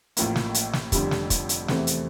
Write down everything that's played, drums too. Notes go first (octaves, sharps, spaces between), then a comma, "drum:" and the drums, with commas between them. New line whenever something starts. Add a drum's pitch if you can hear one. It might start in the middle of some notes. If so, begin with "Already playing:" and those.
A1 A2 F3 A#3, drum: hi-hat
drum: snare
drum: hi-hat
drum: snare
F1 F2 D3 G3, drum: kick, hi-hat
drum: snare
drum: kick, hi-hat
drum: hi-hat
E2 C3 E3 A3 C4, drum: snare
drum: hi-hat